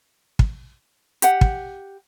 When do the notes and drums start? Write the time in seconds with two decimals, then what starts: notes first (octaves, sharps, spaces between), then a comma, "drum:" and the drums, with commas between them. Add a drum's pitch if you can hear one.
0.39 drum: kick
1.22 G4 F#5, drum: hi-hat
1.41 drum: kick